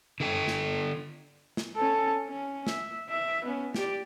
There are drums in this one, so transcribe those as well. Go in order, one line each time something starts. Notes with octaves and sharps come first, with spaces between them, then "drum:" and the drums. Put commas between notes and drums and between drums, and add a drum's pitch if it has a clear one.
D3 A4 G5
drum: snare
drum: snare
C#4 A4
C#4
E5, drum: snare
E5
B3 C#4
G4 D5, drum: snare